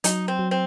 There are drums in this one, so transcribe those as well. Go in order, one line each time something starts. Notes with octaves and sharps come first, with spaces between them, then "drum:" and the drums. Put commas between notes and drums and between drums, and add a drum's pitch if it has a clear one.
F#3 D#4, drum: hi-hat
C4
F#3
C4